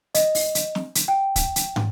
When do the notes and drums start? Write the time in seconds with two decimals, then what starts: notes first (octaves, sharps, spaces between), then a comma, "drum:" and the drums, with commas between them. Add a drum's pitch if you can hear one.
0.15 D#5, drum: hi-hat
0.35 drum: open hi-hat
0.55 drum: hi-hat
0.75 drum: snare
0.95 drum: hi-hat
1.08 G5
1.36 drum: kick, hi-hat
1.56 drum: hi-hat
1.76 drum: tom